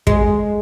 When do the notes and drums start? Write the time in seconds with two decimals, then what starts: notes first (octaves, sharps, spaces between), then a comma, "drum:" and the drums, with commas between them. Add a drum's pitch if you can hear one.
0.07 G#3, drum: kick